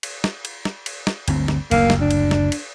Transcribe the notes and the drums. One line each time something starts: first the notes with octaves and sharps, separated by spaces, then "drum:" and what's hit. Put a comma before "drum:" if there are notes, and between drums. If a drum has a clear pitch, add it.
drum: cymbal
drum: snare
drum: cymbal
drum: snare
drum: cymbal
drum: snare
G1 D2 C4, drum: cymbal
drum: snare
F#1 D2 A#3, drum: cymbal
drum: snare
D4
drum: cymbal
drum: snare
drum: cymbal